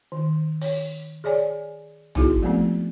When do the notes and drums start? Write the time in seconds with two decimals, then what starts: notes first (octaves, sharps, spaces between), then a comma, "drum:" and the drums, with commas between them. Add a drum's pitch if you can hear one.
0.12 D#3
0.61 C#5, drum: open hi-hat
1.24 G#4 C#5 D5 G#5
2.15 B3 D#4 E4 F#4 G#4, drum: tom A1
2.42 F3 G#3 A3 B3 C4